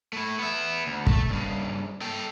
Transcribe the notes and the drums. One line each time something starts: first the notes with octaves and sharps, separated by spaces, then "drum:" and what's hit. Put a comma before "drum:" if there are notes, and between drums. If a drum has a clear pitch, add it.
A3 E4
B3 E5
D2
A3, drum: kick
G2 C#3
A4 G5